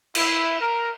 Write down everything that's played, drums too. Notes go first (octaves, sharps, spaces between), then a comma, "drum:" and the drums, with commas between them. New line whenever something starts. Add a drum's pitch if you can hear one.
E4, drum: cymbal
A#4